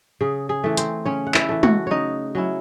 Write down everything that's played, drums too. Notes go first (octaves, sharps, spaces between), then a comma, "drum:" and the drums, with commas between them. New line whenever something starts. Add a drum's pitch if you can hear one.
C#3 G#4
G#4
E3 A3
C4 C5, drum: hi-hat
C#3 C#4 C#5
F#5
E4 E5, drum: clap
E3 A3
F#4 F#5, drum: tom
C#3 D#4 C#5 D#5
F#3 C#4 E4